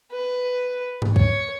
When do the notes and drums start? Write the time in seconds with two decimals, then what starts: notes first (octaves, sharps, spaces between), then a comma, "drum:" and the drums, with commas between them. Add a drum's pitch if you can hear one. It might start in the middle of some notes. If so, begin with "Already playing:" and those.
0.12 B4
1.02 drum: tom G#2
1.16 C#5, drum: kick C#2